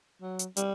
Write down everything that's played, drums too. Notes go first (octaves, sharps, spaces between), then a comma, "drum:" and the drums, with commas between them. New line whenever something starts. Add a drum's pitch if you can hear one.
F#3
drum: hi-hat
G3, drum: hi-hat